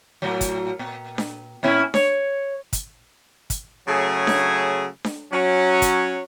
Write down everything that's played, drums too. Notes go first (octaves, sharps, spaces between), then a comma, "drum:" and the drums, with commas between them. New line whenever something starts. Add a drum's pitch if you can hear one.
A2 F#3
drum: kick, hi-hat
A#2
drum: snare D4
A#2 C#4 E4
C#5, drum: snare D4
drum: kick, hi-hat
drum: kick, hi-hat
C#3 F#3 A3 G#4
drum: snare D4
drum: snare D4
F#3 C#4
drum: kick, hi-hat